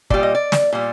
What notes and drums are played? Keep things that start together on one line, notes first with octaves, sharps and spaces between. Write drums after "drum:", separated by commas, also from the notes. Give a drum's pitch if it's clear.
A#2 G3 D5, drum: kick
D#5
D5
drum: snare
A#2 G3